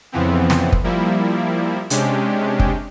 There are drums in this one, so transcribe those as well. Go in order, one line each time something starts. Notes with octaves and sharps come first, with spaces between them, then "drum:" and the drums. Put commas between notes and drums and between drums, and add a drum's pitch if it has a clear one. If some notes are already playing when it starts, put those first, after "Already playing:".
F2 C#3 E3 F3 B3 C4
drum: snare
drum: kick
F3 G3 A#3 E4
C3 G#3 C#4 D4 G4, drum: hi-hat
drum: kick